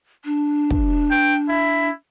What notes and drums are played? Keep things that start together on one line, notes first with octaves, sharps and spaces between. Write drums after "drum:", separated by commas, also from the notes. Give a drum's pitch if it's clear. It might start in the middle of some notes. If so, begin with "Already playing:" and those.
D4
drum: kick
G5
E4